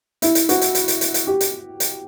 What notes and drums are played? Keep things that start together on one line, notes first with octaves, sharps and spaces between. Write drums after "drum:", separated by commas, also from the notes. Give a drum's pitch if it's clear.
E4, drum: hi-hat
drum: hi-hat
F#4, drum: hi-hat
drum: hi-hat
drum: hi-hat
drum: hi-hat
drum: hi-hat
drum: hi-hat
G4
drum: hi-hat
drum: hi-hat